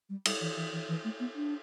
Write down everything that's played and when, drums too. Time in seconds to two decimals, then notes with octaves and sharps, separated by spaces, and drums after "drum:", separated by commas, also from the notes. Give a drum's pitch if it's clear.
0.09 G3
0.25 G3, drum: cymbal
0.41 E3
0.57 E3
0.73 E3
0.89 E3
1.04 A3
1.19 B3
1.35 D4